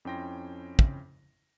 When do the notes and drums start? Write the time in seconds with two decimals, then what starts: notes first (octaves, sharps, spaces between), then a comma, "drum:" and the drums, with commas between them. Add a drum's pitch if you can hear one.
0.05 F2 C#4 E4 G5 C6 A#6
0.79 drum: kick